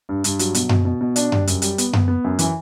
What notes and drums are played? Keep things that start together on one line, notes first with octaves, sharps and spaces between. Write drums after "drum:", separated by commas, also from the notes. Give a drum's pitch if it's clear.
G2
G2, drum: hi-hat
F#3, drum: hi-hat
B2, drum: hi-hat
B2, drum: tom F#2
B2
B2
D4, drum: hi-hat
G3, drum: tom F#2
F#2, drum: hi-hat
G3, drum: hi-hat
B3, drum: hi-hat
B3, drum: tom F#2
B3
F#2
E3, drum: hi-hat